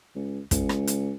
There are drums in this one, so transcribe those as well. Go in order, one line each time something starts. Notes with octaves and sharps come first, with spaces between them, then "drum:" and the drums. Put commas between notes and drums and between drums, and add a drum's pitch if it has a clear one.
C#2
C#2, drum: kick, hi-hat
drum: rim click
drum: hi-hat